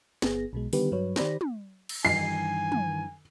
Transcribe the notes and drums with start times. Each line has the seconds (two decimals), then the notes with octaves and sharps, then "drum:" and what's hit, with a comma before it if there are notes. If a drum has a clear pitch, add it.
0.22 G1 B3 G#4 A#6, drum: snare
0.53 B1 B2 G#3
0.73 D3 D#3 G3 B3 G4 B4, drum: open hi-hat
0.92 G2 F#3 B4 C#5
1.16 D#3 G4 C5 D5 B5 A#6, drum: snare
1.41 drum: tom
1.89 drum: cymbal
2.05 G2 D#3 E3 G#5 C7
2.72 drum: tom